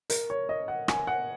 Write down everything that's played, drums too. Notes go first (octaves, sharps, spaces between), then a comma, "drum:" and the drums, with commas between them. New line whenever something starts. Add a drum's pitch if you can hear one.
A#4, drum: hi-hat
C#5
D#5
F#5
G#5, drum: rim click
F#5